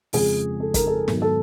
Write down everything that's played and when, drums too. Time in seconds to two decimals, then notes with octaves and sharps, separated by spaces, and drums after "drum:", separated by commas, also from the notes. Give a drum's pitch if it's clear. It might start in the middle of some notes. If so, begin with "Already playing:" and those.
0.13 F2 C#3 F3 G#3 G#4, drum: open hi-hat
0.60 A4
0.74 A#4, drum: kick, hi-hat
0.87 A4
1.08 G#2 D#3 F#3 B3, drum: snare
1.22 A4